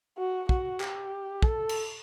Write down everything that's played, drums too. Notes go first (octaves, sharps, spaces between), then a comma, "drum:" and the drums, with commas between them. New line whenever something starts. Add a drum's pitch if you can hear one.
F#4
F#4, drum: kick
G4, drum: clap
A4, drum: kick
drum: cymbal